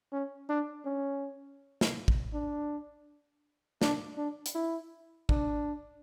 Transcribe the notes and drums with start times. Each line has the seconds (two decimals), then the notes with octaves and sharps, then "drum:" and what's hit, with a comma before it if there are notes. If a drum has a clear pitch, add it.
0.12 C#4
0.49 D4
0.85 C#4
1.81 drum: snare
2.08 drum: kick
2.33 D4
3.82 D4, drum: snare
4.17 D4
4.46 drum: hi-hat
4.55 E4
5.29 D4, drum: kick